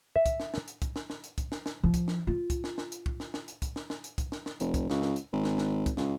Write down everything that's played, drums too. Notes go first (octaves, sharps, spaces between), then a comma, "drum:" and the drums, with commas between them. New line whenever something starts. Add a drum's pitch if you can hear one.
E5
drum: kick, hi-hat
drum: snare
drum: snare
drum: hi-hat
drum: kick, hi-hat
drum: snare
drum: snare
drum: hi-hat
drum: kick, hi-hat
drum: snare
drum: snare
F3
drum: kick, hi-hat
drum: snare
F4
drum: kick, hi-hat
drum: snare
drum: snare
drum: hi-hat
drum: kick
drum: snare
drum: snare
drum: hi-hat
drum: kick, hi-hat
drum: snare
drum: snare
drum: hi-hat
drum: kick, hi-hat
drum: snare
drum: snare
F1, drum: hi-hat
drum: kick, hi-hat
C#2, drum: snare
drum: snare
drum: hi-hat
G#1
drum: snare
drum: snare
drum: kick, hi-hat
C#2, drum: snare